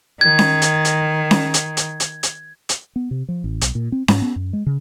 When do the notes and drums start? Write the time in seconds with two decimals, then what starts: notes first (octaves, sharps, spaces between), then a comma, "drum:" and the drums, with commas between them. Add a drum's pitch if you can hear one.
0.21 D#3 G#6
0.39 drum: snare C#4
0.62 drum: hi-hat
0.85 drum: hi-hat
1.31 drum: snare C#4
1.54 drum: hi-hat
1.77 drum: hi-hat
2.00 drum: hi-hat
2.23 drum: hi-hat
2.69 drum: hi-hat
2.96 B3
3.11 C3
3.28 F3
3.44 A1
3.61 B1, drum: hi-hat
3.75 A#2
3.92 C4
4.08 G#2, drum: snare C#4
4.22 B3
4.36 F#2
4.53 G#3
4.66 C#3